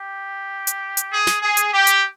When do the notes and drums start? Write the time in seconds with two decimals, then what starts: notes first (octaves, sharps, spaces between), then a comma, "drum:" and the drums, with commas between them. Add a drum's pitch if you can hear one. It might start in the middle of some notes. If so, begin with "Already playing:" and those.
Already playing: G4
0.67 drum: hi-hat
0.97 drum: hi-hat
1.12 G#4
1.27 drum: snare
1.42 G#4
1.57 drum: hi-hat
1.72 G4
1.87 drum: hi-hat